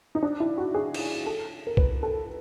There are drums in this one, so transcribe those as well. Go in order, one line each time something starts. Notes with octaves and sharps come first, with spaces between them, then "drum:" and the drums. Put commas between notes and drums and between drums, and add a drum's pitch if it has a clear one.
D#4
D4
E4
F#4
G#4
drum: cymbal
A4
A#4
B4, drum: kick
A4